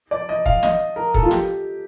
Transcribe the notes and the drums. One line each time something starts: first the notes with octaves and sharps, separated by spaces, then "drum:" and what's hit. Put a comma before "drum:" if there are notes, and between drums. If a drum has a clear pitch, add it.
D5
D#5
F5, drum: kick
D#5, drum: snare
A#4
A4, drum: kick
F4
G4, drum: snare